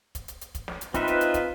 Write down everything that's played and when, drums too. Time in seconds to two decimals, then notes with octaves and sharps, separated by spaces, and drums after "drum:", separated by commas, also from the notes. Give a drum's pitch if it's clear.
0.15 drum: kick, hi-hat
0.28 drum: hi-hat
0.41 drum: hi-hat
0.55 drum: kick, hi-hat
0.68 drum: snare
0.81 drum: hi-hat
0.94 C4 D#4 F4 B4 E5, drum: kick, hi-hat
1.08 drum: hi-hat
1.21 drum: hi-hat
1.34 drum: kick, hi-hat